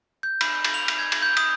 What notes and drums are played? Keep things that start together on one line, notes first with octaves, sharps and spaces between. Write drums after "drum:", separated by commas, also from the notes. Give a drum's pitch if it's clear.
G6
B5, drum: cymbal
drum: cymbal
F7
drum: cymbal
G#6
drum: cymbal
G6
D#6, drum: cymbal